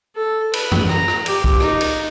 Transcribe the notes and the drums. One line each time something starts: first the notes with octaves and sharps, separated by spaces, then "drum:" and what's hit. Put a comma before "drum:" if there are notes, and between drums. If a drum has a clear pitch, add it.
A4
B4, drum: cymbal
drum: tom
A#5, drum: rim click
drum: rim click
G4, drum: cymbal
drum: kick
D#4, drum: rim click
drum: cymbal